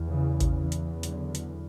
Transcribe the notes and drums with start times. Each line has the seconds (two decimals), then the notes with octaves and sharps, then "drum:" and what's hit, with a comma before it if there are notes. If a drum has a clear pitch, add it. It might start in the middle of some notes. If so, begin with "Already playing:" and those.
Already playing: E2
0.09 C#3 E3
0.40 drum: kick A1, hi-hat
0.56 C#3 E3
0.72 drum: hi-hat
1.03 D3 F#3, drum: hi-hat
1.35 drum: hi-hat